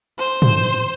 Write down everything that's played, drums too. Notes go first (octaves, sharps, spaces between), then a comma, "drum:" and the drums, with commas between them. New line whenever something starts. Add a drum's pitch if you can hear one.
C5, drum: tambourine
drum: tom
drum: tambourine